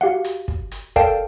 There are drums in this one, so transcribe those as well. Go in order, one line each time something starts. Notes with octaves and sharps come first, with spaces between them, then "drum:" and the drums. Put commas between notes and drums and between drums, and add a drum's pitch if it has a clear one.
F#4 G4 F5 F#5
drum: hi-hat
drum: kick
drum: hi-hat
A4 A#4 D5 F5 G5 A5, drum: kick